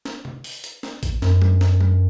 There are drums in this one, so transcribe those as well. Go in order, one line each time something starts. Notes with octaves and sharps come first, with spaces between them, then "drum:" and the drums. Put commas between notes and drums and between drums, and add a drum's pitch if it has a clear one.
drum: snare
drum: tom C3
drum: open hi-hat
drum: hi-hat
drum: snare
drum: kick G#1, hi-hat
F#2, drum: snare
drum: tom F#3
drum: snare
drum: tom F#3